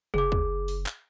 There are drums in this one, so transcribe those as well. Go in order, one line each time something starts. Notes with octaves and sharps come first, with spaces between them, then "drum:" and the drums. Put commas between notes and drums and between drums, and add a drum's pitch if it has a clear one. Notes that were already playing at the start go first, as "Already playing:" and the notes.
F#1 G#4 D6, drum: tom C3
drum: kick D2
drum: open hi-hat
drum: clap